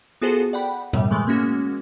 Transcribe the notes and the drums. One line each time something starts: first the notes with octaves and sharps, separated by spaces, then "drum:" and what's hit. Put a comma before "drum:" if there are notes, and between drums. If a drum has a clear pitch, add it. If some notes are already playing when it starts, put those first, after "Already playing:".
B3 F4 F#4 G#4 A4 C5
D5 F#5 G5 B5
F#2 A2 C#3 G3, drum: tom B2
E3 G#3 A3 B3
G#3 A#3 C#4 F#4